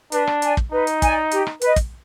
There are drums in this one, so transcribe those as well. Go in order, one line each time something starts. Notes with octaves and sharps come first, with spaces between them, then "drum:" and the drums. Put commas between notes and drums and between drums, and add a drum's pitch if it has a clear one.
D4 B4, drum: hi-hat
drum: rim click
D5 G#5, drum: hi-hat
drum: kick
D#4 B4
drum: hi-hat
D5 G#5, drum: kick, hi-hat
G4, drum: hi-hat
drum: rim click
B4 D#5, drum: hi-hat
drum: kick, hi-hat